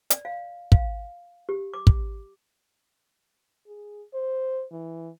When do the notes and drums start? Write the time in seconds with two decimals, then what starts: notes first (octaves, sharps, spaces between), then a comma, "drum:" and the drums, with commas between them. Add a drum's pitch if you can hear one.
0.10 D5, drum: hi-hat
0.25 F5
0.72 F5, drum: kick
1.49 G4
1.74 D6
1.87 drum: kick
3.67 G#4
4.14 C5
4.72 E3